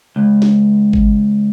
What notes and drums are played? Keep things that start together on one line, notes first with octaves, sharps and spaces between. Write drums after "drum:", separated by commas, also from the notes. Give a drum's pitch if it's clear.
C#2
drum: snare
drum: kick G#1